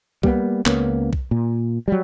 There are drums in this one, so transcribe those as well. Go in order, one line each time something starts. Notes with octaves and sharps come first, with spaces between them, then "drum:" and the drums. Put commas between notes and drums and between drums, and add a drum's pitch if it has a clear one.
G3 A#3 B3, drum: kick B1
C#2 A#3 B3 C#4, drum: clap
drum: kick B1
A#2
F#3 G3